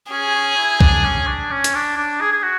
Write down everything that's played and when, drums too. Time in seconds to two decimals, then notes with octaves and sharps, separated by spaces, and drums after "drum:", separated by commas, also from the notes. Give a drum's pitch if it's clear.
0.11 C#4 G#4
0.35 C#4
0.57 E4
0.80 D4, drum: kick B1
1.04 C#4
1.27 D4
1.51 C#4
1.64 drum: hi-hat
1.75 D4
1.97 D4
2.21 G#4
2.32 G#4
2.43 F#4